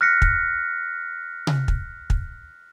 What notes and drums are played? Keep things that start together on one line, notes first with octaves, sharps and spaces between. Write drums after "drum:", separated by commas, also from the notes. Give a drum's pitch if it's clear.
F6 F#6 A#6 B6 C#7
drum: kick
drum: tom C3
drum: kick
drum: kick